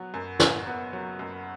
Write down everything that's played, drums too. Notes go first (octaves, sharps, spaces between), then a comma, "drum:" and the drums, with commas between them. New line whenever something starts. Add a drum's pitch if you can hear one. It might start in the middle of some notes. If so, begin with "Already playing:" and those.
Already playing: F#3 B3
F#2
F#1, drum: snare
B3
F#3
F#2